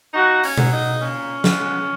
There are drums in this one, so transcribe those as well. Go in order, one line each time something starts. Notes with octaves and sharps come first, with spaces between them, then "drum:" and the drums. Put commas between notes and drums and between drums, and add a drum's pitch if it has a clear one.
A#2 D#4 F#4
C#4, drum: open hi-hat
F#3 A#3, drum: tom B2
D#4
A#2 C#4
G#3 B3, drum: snare